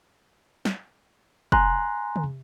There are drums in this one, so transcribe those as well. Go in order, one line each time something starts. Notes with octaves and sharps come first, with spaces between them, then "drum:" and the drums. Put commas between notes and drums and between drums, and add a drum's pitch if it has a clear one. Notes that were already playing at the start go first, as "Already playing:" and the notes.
drum: snare
G#5 A#5 C6 F#6, drum: kick
drum: tom